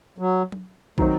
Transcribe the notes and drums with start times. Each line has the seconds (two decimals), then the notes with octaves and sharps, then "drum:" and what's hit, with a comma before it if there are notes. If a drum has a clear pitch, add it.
0.18 F#3
0.52 drum: tom F#3
0.98 D#3 F#3 A3 C4 D#4, drum: kick